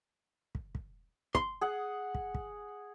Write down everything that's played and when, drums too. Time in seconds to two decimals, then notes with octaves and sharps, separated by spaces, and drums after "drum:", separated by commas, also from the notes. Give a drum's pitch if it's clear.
0.55 drum: kick
0.75 drum: kick
1.35 C6, drum: kick
1.61 G#4 F#5
2.15 drum: kick
2.35 drum: kick